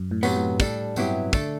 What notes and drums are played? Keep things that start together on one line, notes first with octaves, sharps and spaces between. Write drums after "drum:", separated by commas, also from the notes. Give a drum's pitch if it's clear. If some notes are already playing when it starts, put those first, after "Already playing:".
Already playing: F#2
A2
C3 F#3 B3, drum: tambourine
A2
A2 G3 D4 A4, drum: kick, tambourine
G2 C3 F#3 B3 E4 G4, drum: tambourine
D3 A3 D4 A4, drum: kick, tambourine